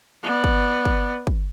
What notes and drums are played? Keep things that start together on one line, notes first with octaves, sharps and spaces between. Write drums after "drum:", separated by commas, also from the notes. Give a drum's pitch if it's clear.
B3 D5
drum: kick
drum: kick
drum: kick